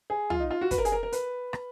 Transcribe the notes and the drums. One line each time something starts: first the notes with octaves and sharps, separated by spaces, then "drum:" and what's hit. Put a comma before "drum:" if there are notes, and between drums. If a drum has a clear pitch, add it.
G#4
F4, drum: tom
D#4
F4
F#4
B4, drum: kick, hi-hat
A#4
G#4, drum: hi-hat
A#4
A#4
B4, drum: hi-hat
drum: rim click